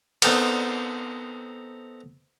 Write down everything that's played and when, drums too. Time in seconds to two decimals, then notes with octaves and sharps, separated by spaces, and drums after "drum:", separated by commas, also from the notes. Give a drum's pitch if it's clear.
0.22 B3 C4 D#4 A4 A#4, drum: cymbal